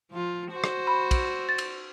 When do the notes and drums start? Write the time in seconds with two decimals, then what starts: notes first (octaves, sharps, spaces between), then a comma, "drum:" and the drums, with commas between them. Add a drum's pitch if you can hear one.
0.11 F3 F4
0.52 F#4 C5
0.64 drum: rim click
0.87 B5
1.11 drum: kick, cymbal
1.49 A6
1.58 drum: cymbal